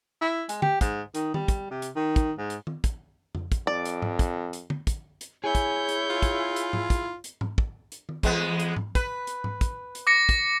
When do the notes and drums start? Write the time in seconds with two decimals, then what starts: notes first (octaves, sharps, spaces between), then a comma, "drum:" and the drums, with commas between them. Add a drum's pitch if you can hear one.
0.21 E4
0.49 G#3, drum: hi-hat
0.62 G4, drum: tom
0.81 G#2, drum: kick, hi-hat
1.15 D#3, drum: hi-hat
1.34 G3, drum: tom D#3
1.48 drum: kick, hi-hat
1.71 C3
1.82 drum: hi-hat
1.96 D#3
2.16 drum: kick, hi-hat
2.38 G#2
2.50 drum: hi-hat
2.67 drum: tom D#3
2.84 drum: kick, hi-hat
3.35 drum: tom F2
3.52 drum: kick, hi-hat
3.67 F2 D5
3.85 drum: hi-hat
4.02 drum: tom G#2
4.19 drum: kick, hi-hat
4.53 drum: hi-hat
4.70 drum: tom
4.87 drum: kick, hi-hat
5.21 drum: hi-hat
5.44 E4 G#4 C#5 G6
5.55 drum: kick, hi-hat
5.89 drum: hi-hat
6.10 F4
6.22 drum: kick, hi-hat
6.56 drum: hi-hat
6.73 drum: tom G#2
6.90 drum: kick, hi-hat
7.24 drum: hi-hat
7.41 drum: tom G#2
7.58 drum: kick
7.92 drum: hi-hat
8.09 drum: tom D#3
8.23 E2 G#3 B3, drum: kick, hi-hat
8.60 drum: hi-hat
8.76 drum: tom G#2
8.95 B4, drum: kick, hi-hat
9.27 drum: hi-hat
9.44 drum: tom G#2
9.61 drum: kick, hi-hat
9.95 drum: hi-hat
10.07 D6 A#6 C#7
10.29 drum: kick, hi-hat